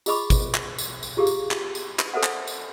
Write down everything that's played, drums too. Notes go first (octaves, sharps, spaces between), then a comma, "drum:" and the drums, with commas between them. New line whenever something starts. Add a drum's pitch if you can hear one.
F4 G#4 D#5 B5 C#6 D6, drum: tambourine
drum: kick, tambourine
drum: clap
drum: tambourine
drum: tambourine
F4 G4 G#4 F5
drum: tambourine
drum: clap
drum: tambourine
drum: clap
A4 A#4 C5 E5 F#5
drum: clap
drum: tambourine